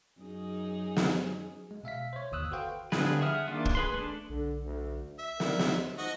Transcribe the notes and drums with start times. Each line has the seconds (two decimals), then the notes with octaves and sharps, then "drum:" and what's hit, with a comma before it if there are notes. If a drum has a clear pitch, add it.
0.21 F#2 D#4 G#4
0.97 drum: snare
1.71 G#3
1.84 B2 E5 F5 B6
2.13 C5 C#5
2.32 G1 D#2 D#6 E6 F#6
2.52 F#4 A4 B4 C5 F5 G5
2.92 D3 F3 G3 G#4 B4, drum: snare
3.22 G#4 E5 F#5 D#6 F6
3.48 D#3 A#3 D4 F4
3.65 drum: kick
3.75 G#4 B4 C6
3.94 A3 D4
4.29 B1 D3
4.65 D2
5.19 E5
5.40 G3 A#4, drum: snare
5.59 D#2 G#3, drum: snare
5.98 F3 D#4 F#4 D#5